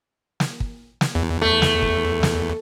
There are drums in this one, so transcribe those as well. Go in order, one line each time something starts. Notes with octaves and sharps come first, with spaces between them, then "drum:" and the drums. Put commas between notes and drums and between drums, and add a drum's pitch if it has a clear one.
drum: snare
drum: kick
drum: snare
E2
A3
drum: snare
drum: kick
drum: snare